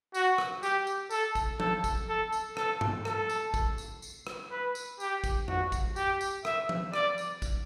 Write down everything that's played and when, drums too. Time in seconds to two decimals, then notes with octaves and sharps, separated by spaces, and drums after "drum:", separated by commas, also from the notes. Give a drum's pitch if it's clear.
0.14 F#4, drum: tambourine
0.38 drum: rim click
0.63 G4, drum: tambourine
0.87 drum: tambourine
1.11 A4, drum: tambourine
1.35 drum: kick A1, tambourine
1.60 A4, drum: tom F3
1.84 drum: kick A1, tambourine
2.08 A4
2.32 drum: tambourine
2.57 A4, drum: rim click
2.81 drum: tom G2
3.05 A4, drum: rim click
3.30 drum: tambourine
3.54 drum: kick A1, tambourine
3.78 drum: tambourine
4.02 drum: tambourine
4.27 drum: rim click
4.51 B4
4.75 drum: tambourine
5.00 G4, drum: tambourine
5.24 drum: kick A1, tambourine
5.48 F#4, drum: tom F2
5.72 drum: kick A1, tambourine
5.96 G4, drum: tambourine
6.21 drum: tambourine
6.45 E5, drum: rim click
6.69 drum: tom F3
6.94 D5, drum: rim click
7.18 drum: tambourine
7.42 drum: kick A1, tambourine